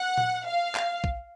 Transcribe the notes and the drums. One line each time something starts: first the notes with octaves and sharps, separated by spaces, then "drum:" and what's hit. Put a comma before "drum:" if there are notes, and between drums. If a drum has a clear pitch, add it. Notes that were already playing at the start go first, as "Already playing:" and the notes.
Already playing: F#5
drum: tom A#2
F5
drum: clap
drum: kick